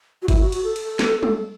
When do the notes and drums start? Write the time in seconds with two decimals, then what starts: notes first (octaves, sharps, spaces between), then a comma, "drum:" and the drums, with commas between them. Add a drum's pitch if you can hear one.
0.22 F#4
0.28 E4, drum: kick G1, cymbal
0.41 F#4
0.52 F#4, drum: cymbal
0.64 A4
0.76 drum: cymbal
0.99 drum: snare
1.23 drum: tom